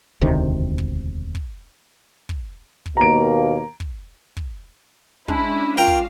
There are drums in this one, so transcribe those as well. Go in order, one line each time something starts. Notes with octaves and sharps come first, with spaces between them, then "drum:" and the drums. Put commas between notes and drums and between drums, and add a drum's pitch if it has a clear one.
E1 D2 C3 D#3
drum: kick
drum: kick
drum: kick
drum: kick
D#2 B2 A#3 A#5 D7
drum: kick
drum: kick
G#3 C#4 D4 E4, drum: kick
F4 A#4 F5 G5 A#5
drum: kick